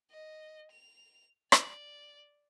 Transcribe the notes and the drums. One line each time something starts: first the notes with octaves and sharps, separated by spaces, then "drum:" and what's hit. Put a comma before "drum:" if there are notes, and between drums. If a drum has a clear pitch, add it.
D#5
F7
D5, drum: rim click